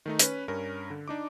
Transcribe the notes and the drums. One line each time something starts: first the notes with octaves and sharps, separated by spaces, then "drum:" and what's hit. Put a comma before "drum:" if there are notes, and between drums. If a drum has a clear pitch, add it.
D#3 A3 D#4
C#4 B4, drum: hi-hat
G2 C#4 A#4
D3
D4 D#4 D6